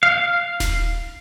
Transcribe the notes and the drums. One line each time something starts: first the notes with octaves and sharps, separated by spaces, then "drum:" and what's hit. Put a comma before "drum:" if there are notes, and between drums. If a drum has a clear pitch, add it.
F5
drum: snare D#1